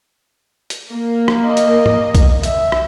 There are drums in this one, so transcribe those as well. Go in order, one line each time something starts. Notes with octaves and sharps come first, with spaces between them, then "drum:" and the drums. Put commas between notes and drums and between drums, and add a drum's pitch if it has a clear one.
drum: hi-hat
A#3
drum: rim click
D#5
drum: hi-hat
drum: tom
drum: kick B1, hi-hat
E5, drum: hi-hat
drum: rim click